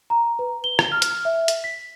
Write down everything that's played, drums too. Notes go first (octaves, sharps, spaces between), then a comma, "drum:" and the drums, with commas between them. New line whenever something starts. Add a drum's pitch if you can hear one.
A#5
B4
G7
drum: rim click
F6
drum: hi-hat
E5
drum: hi-hat
B6